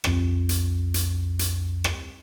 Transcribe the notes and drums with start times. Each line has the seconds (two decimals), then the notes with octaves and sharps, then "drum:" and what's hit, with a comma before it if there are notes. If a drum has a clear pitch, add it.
0.04 B1 F2, drum: rim click
0.49 drum: hi-hat
0.94 drum: hi-hat
1.39 drum: hi-hat
1.84 drum: rim click